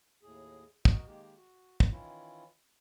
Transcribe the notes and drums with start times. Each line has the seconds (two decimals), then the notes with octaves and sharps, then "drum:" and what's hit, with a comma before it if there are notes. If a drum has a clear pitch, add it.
0.22 D#2 A2 G#4
0.85 F#4 A#4 D#5, drum: kick
1.07 D#3 G#3 A#3 G4
1.36 F#4
1.80 drum: kick
1.91 D#3 E3 C#4 E4 F4